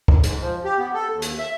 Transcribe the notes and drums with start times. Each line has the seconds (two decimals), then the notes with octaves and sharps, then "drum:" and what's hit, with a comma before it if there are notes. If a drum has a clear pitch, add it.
0.08 drum: kick
0.24 G#2, drum: hi-hat
0.40 F3
0.64 G4
0.78 B3
0.94 A4
1.11 D#2
1.22 drum: hi-hat
1.38 E5